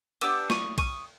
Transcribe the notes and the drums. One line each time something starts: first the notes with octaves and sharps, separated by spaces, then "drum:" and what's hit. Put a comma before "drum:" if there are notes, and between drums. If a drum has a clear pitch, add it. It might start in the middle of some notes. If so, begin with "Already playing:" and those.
B3 D4 G4 D6 E6, drum: cymbal
C#6 D#6, drum: snare
C#6 D#6, drum: kick B1, cymbal